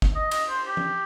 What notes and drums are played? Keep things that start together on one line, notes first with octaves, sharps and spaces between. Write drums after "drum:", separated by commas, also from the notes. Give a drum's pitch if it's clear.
drum: kick
D#5
D#5, drum: cymbal
C5
G4
drum: tom F3